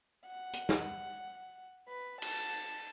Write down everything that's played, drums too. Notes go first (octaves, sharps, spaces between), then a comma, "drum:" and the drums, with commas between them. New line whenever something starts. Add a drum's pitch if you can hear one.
F#5
drum: hi-hat
drum: snare
B4
A5, drum: cymbal